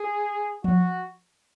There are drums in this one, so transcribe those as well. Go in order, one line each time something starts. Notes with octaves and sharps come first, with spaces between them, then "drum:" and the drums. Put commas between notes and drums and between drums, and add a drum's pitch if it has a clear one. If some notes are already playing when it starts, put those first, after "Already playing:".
Already playing: G#4
F#4, drum: tom F3